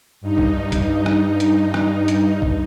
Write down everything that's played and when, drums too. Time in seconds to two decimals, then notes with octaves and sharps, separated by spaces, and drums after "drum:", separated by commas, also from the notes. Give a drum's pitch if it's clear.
0.21 G2 D#4
0.38 drum: kick A#1
0.72 drum: kick A#1, hi-hat
1.06 drum: rim click
1.40 drum: hi-hat
1.74 drum: rim click
2.08 drum: hi-hat
2.42 drum: kick A#1